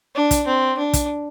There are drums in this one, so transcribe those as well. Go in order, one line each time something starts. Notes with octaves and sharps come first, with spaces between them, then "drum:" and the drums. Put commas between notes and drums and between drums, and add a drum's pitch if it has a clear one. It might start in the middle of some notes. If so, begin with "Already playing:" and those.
D4
drum: kick, hi-hat
C4
D4
drum: kick, hi-hat